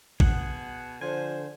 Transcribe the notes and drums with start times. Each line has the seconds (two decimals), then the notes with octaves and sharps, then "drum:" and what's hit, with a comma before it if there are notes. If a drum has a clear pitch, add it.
0.20 B2 G#4 F#5, drum: kick A1
1.01 D3 F3 C5 G#5